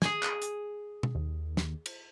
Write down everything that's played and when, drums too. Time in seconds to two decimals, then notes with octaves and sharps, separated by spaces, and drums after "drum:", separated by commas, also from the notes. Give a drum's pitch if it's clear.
0.02 G#4 G#5, drum: snare
0.23 drum: clap
0.42 drum: hi-hat
1.03 drum: tom B2
1.15 D#2
1.57 drum: snare
1.86 drum: cymbal